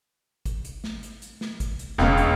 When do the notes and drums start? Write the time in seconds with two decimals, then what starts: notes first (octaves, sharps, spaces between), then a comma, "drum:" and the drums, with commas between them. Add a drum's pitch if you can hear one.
0.46 drum: kick G#1, hi-hat
0.65 drum: hi-hat
0.84 drum: snare
1.03 drum: hi-hat
1.22 drum: hi-hat
1.41 drum: snare
1.60 drum: kick G#1, hi-hat
1.79 drum: hi-hat
1.98 E1 C#2 C#3, drum: snare
2.17 drum: hi-hat